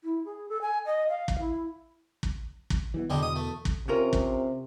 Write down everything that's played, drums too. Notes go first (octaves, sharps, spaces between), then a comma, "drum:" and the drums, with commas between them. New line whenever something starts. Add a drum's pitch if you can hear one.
E4
G#4
A4
G#5
D#5
F5
drum: kick
E4
drum: kick
drum: kick
E3 G3 B3
E2 B2 D3 G3 G#3
D#6
A3
drum: kick
C3 C#4 F4 A#4
drum: kick